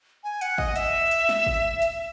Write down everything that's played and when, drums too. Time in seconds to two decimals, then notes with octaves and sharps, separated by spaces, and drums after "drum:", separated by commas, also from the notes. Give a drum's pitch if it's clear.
0.24 G#5
0.41 F#5, drum: hi-hat
0.58 D#5, drum: kick
0.76 E5, drum: hi-hat
1.11 drum: hi-hat
1.29 drum: snare
1.47 drum: kick
1.82 drum: hi-hat